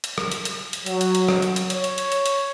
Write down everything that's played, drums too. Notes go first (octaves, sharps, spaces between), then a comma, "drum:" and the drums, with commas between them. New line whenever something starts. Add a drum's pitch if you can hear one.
drum: hi-hat
drum: rim click
drum: hi-hat
drum: hi-hat
drum: hi-hat
F#3, drum: hi-hat
drum: hi-hat
drum: hi-hat
drum: rim click
drum: hi-hat
drum: hi-hat
C#5, drum: hi-hat
drum: hi-hat
drum: hi-hat
drum: hi-hat
drum: hi-hat